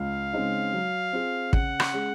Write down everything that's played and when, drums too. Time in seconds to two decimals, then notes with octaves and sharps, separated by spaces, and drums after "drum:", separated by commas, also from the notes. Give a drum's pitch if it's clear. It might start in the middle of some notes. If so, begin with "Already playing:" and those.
Already playing: C#2 F5
0.33 C#3 G#3 C4 D#4
0.73 F#3
1.13 C4 F4 G#4
1.53 C#3 F#5, drum: kick
1.80 drum: rim click
1.93 G#3 C#4 G#4